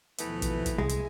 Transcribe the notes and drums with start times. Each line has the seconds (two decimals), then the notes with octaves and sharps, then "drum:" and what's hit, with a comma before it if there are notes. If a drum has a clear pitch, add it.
0.18 D#2 B2 E3 F3 A3 B3, drum: hi-hat
0.42 drum: kick, hi-hat
0.66 drum: kick, hi-hat
0.78 C2 G#3 E4 G#5
0.89 drum: hi-hat